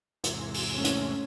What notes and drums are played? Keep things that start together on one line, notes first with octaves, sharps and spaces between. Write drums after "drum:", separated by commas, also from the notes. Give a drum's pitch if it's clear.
E2 G#2 C3, drum: hi-hat
drum: open hi-hat
A3 C#4
drum: hi-hat